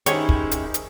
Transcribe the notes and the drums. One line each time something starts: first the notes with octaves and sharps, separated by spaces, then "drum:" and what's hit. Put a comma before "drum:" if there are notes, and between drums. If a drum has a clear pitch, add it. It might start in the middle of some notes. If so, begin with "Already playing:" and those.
D#3 G#3 C#4 D#4 E4 G4 C5 C#5, drum: hi-hat
drum: kick
drum: hi-hat
drum: hi-hat